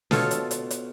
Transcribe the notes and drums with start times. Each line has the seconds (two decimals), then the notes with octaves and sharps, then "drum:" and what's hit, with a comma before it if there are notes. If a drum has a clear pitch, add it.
0.11 B2 F4 A4 C#5, drum: snare
0.31 drum: hi-hat
0.51 drum: hi-hat
0.71 drum: hi-hat